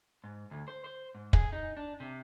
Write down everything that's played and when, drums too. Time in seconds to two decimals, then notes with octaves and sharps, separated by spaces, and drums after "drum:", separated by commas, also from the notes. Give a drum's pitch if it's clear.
0.24 G#2
0.51 D2
0.68 C5
0.84 C5
1.15 G#2
1.33 G#4, drum: kick
1.52 D#4
1.77 D4
2.00 C3